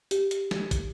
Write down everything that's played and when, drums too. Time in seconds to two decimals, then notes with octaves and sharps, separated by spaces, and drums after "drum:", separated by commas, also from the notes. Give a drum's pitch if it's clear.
0.11 G4, drum: hi-hat
0.31 drum: hi-hat
0.51 drum: snare
0.71 drum: kick, hi-hat